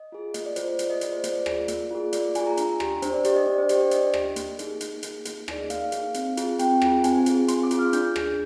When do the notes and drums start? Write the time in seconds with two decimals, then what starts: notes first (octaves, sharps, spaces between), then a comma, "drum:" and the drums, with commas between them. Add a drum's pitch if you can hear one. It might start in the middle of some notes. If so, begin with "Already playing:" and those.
Already playing: D#5
0.12 F4 G#4
0.34 A#3 D#5, drum: hi-hat
0.46 D5
0.56 F4 G#4 C5, drum: hi-hat
0.68 D5
0.79 A#3 D#5, drum: hi-hat
0.90 D#5
1.01 F4 G#4 D5, drum: hi-hat
1.13 C5
1.24 A#3 D5, drum: hi-hat
1.46 F4 G#4, drum: rim click
1.68 A#3, drum: hi-hat
1.91 F4 G#4
2.13 A#3 D5, drum: hi-hat
2.35 F4 G#4 G#5, drum: hi-hat
2.46 A#5
2.57 D4 A#5, drum: hi-hat
2.80 G4, drum: rim click
3.02 D4 C5, drum: hi-hat
3.13 D5
3.25 G4 D5, drum: hi-hat
3.36 D#5
3.47 D4 D5
3.58 C5
3.69 G4 C5, drum: hi-hat
3.80 D5
3.91 D4 D#5, drum: hi-hat
4.14 G4, drum: rim click
4.36 A#3, drum: hi-hat
4.59 D#4 G#4, drum: hi-hat
4.81 A#3, drum: hi-hat
5.03 D#4 G#4, drum: hi-hat
5.25 A#3, drum: hi-hat
5.48 D#4 G#4 D5, drum: rim click
5.61 D#5
5.70 A#3 F5, drum: hi-hat
5.92 D#4 G#4, drum: hi-hat
6.14 C4, drum: hi-hat
6.37 F4 G#4, drum: hi-hat
6.59 C4 G5, drum: hi-hat
6.82 F4 G#4, drum: rim click
7.04 C4 G#5, drum: hi-hat
7.26 F4 G#4, drum: hi-hat
7.48 C4 C6, drum: hi-hat
7.63 D6
7.71 F4 G#4, drum: hi-hat
7.79 F6
7.93 D4 G6, drum: hi-hat
8.16 G#4, drum: rim click